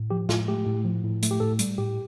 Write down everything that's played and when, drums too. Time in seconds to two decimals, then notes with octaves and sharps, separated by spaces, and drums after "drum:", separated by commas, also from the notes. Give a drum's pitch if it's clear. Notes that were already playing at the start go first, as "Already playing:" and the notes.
Already playing: A2
0.10 F3 G4
0.29 A2 F4, drum: snare
0.48 A3 G4
0.67 A2
0.85 F3
1.04 A2
1.23 A3, drum: hi-hat
1.31 G4
1.40 A2 A4
1.59 G3, drum: hi-hat
1.78 A2 G4